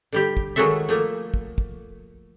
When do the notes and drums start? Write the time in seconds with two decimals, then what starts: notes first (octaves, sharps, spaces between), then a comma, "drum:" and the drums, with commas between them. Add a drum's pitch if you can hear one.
0.12 D3 G3 G4
0.37 drum: kick
0.56 D#3 F#3 G#3 F#4 A4 E5
0.89 F3 A3 A#3
1.34 drum: kick
1.58 drum: kick